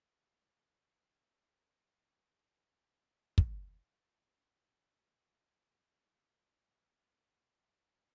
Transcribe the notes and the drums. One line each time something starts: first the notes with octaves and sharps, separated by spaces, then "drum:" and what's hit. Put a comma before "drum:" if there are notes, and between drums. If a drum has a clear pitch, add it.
G#3 D#5
C4 G#4 D5 F5 G#5
A2 D3 A3 D4
A#4 B4 C#5 E5 F5
drum: kick
F6 G6 A#6 C#7 F#7
B5 C#6 E6